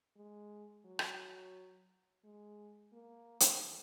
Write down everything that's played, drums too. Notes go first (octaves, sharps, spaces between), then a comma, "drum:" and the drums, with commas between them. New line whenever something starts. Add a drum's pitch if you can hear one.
G#3
F#3
drum: rim click
G#3
A#3
drum: hi-hat